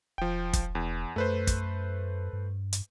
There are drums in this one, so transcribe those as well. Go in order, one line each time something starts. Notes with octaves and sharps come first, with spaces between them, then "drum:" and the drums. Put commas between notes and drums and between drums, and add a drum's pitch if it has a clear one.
E1 F3 G5
drum: kick, hi-hat
E2
F#2 A3 B4 C5
drum: kick, hi-hat
G2
drum: hi-hat